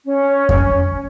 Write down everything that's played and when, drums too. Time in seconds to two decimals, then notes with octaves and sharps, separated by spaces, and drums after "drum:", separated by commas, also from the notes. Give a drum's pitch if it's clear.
0.05 C#4
0.49 drum: kick F2